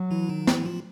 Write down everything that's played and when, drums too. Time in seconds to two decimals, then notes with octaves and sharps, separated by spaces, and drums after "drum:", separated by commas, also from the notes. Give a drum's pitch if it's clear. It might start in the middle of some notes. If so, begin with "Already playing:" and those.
Already playing: F#3
0.11 E3 E4
0.29 D#3 D#4
0.47 E3 E4, drum: snare
0.65 F3 F4